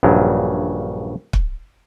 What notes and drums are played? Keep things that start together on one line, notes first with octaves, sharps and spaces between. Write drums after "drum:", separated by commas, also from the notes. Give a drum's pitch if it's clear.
A#1 G2 C#3 F#3
drum: kick